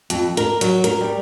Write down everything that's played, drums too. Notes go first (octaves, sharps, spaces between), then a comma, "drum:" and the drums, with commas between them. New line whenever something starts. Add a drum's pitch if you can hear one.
F2, drum: hi-hat
A#4, drum: hi-hat
F#3, drum: hi-hat
A#4, drum: hi-hat
G3